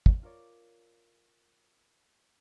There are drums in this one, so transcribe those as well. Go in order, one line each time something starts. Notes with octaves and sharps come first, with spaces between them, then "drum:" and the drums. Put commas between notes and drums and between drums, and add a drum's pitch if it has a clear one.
drum: kick
F4 A#4 C#5 D5